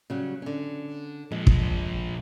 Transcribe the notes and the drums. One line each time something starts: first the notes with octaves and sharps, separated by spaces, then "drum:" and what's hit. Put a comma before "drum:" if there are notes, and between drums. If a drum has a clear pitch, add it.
C#3 F#3 G3
D3 C#4
A#2 F3 G#3
drum: kick